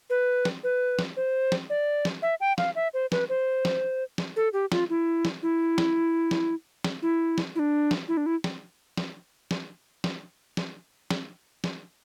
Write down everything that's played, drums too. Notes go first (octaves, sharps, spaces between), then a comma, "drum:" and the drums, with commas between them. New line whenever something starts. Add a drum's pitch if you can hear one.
B4
drum: snare
B4
drum: snare
C5
drum: snare
D5
drum: snare
E5
G5
F5, drum: snare
E5
C5
B4, drum: snare
C5
drum: snare
drum: snare
A4
G4
F4, drum: snare
E4
drum: snare
E4
drum: snare
drum: snare
drum: snare
E4
drum: snare
E4
D4
drum: snare
E4
D4
E4
drum: snare
drum: snare
drum: snare
drum: snare
drum: snare
drum: snare
drum: snare